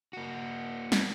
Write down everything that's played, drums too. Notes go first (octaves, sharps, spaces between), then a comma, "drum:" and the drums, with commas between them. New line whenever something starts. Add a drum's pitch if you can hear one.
A#3 F#4
drum: snare